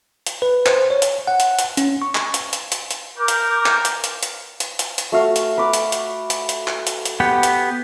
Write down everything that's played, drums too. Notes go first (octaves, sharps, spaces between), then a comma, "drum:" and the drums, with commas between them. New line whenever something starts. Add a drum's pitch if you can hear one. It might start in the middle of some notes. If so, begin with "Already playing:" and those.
drum: hi-hat
B4
C5, drum: clap
C#5
drum: hi-hat
F#5
drum: hi-hat
drum: hi-hat
C#4, drum: hi-hat
C#6
drum: clap
drum: hi-hat
drum: hi-hat
drum: hi-hat
drum: hi-hat
A#4 D6 G6
drum: hi-hat
drum: clap
drum: hi-hat
drum: hi-hat
drum: hi-hat
drum: hi-hat
drum: hi-hat
drum: hi-hat
A3 F#4 F5
drum: hi-hat
B4 D6
drum: hi-hat
drum: hi-hat
drum: hi-hat
drum: hi-hat
drum: clap
drum: hi-hat
drum: hi-hat
B3 G4 F#5 G5
drum: hi-hat